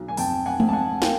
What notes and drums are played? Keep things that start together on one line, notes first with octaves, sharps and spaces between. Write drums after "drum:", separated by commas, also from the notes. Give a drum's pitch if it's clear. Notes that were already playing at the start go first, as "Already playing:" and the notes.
Already playing: B1
G#5
F2 G5 A5, drum: open hi-hat
F#5 G#5
F2, drum: tom G#3
A5
F#5 G#5
A#3 F5 G5, drum: snare